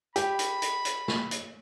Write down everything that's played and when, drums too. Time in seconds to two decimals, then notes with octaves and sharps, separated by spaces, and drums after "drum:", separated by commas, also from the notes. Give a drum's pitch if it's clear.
0.16 G4 B5, drum: hi-hat
0.39 drum: hi-hat
0.62 drum: hi-hat
0.85 drum: hi-hat
1.08 drum: snare
1.31 drum: hi-hat